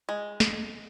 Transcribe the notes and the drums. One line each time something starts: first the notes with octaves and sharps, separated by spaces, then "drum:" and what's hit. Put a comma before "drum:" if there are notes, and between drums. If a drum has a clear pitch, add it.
G#3
drum: snare